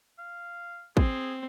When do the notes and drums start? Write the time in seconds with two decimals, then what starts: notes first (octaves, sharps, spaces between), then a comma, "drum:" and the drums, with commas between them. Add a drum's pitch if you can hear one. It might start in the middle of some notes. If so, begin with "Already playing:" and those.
0.18 F5
0.97 C4 G#4, drum: kick